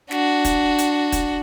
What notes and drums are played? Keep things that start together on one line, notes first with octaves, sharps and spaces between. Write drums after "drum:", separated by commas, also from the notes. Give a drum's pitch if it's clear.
D4 F#4, drum: snare
drum: kick, hi-hat
drum: hi-hat
drum: kick, hi-hat